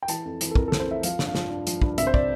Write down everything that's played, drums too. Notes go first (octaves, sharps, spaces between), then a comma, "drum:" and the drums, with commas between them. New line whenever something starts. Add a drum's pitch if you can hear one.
G5
E3 A5, drum: hi-hat
F2
E3, drum: hi-hat
A4
F2 A#4, drum: kick
A4
E3, drum: snare
C5
F2 E5
F3 F5, drum: hi-hat
G2, drum: snare
F5
F3, drum: snare
G2
F3, drum: hi-hat
G2, drum: kick
C3 E5, drum: hi-hat
C5
D5, drum: kick